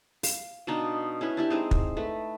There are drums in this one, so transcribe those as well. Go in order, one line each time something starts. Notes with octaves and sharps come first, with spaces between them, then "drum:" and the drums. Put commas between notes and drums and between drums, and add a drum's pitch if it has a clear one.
F5, drum: open hi-hat
B2 D4 D#4 F5
C#4 E4 B4
D4 E4 G4
G#3 C4 D#4
drum: kick
A3 B4